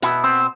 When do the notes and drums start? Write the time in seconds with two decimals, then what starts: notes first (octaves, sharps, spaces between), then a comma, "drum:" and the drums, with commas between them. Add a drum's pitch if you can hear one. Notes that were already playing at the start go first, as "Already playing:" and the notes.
0.02 B2 B3 E4, drum: hi-hat
0.24 C4